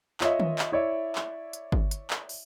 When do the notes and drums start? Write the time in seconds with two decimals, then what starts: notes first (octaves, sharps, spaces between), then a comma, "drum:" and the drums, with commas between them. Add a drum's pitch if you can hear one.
0.21 F4 C#5 D#5 E5, drum: clap
0.40 drum: tom D#3
0.59 drum: clap
0.72 E4 C#5 D5 E5
1.15 drum: clap
1.53 drum: hi-hat
1.72 drum: kick G1
1.91 drum: hi-hat
2.10 drum: clap
2.29 drum: open hi-hat